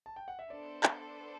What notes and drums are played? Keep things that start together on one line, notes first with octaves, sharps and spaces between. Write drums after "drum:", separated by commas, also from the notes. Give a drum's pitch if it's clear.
A5
G5
F#5
E5
B3 D4 A4 C5 D5
drum: clap